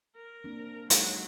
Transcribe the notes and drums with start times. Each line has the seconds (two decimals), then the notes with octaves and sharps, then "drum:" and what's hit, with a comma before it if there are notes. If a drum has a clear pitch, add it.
0.15 A#4
0.44 A#3 C4 D4
0.90 F#3 G#3 D#4 G4, drum: hi-hat